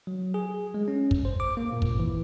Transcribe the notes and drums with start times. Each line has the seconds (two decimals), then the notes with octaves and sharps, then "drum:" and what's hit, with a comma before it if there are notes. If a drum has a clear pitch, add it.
0.07 F#3
0.34 G#4
0.74 G#3
0.88 C#4
1.11 drum: kick
1.25 C5
1.40 D6
1.57 A#3
1.72 A#2
1.82 drum: kick
2.00 E3